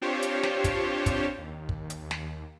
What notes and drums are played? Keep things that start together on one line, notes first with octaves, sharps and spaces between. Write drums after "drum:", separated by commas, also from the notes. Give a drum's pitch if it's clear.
C4 D4 F4 G4 C5 C#5
drum: hi-hat
drum: snare
drum: kick, hi-hat
drum: kick, hi-hat
D#2
drum: kick
drum: hi-hat
drum: snare